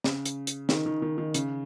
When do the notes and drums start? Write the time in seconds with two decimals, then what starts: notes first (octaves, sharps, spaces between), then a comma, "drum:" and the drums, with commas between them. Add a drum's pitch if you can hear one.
0.04 C#3, drum: snare
0.26 drum: hi-hat
0.47 drum: hi-hat
0.69 D#3, drum: snare
0.86 D#3
1.02 D#3
1.18 D#3
1.34 C#3, drum: hi-hat